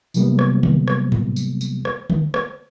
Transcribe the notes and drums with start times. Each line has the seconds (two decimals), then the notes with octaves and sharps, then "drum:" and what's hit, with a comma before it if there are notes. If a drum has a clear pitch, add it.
0.14 C3 E3 F#3 G3 A#3 B3, drum: tambourine
0.39 drum: rim click
0.63 drum: tom D3
0.88 drum: rim click
1.12 drum: tom G#2
1.36 drum: tambourine
1.61 drum: tambourine
1.85 drum: rim click
2.10 drum: tom D3
2.34 drum: rim click